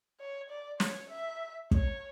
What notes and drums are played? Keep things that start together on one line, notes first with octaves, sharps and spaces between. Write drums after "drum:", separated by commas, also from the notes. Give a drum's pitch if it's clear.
C#5
D5
C#5, drum: snare
E5
C#5, drum: kick